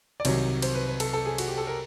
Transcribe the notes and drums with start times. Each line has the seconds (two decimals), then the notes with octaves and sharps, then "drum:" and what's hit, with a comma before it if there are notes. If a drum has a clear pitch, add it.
0.20 D5
0.25 C2 C3 D#3 F#3 C#5, drum: cymbal
0.62 C5, drum: cymbal
0.74 B4
0.87 B4
1.00 A4, drum: cymbal
1.13 A4
1.26 G#4
1.38 F#4, drum: cymbal
1.48 G4
1.57 A4
1.67 A#4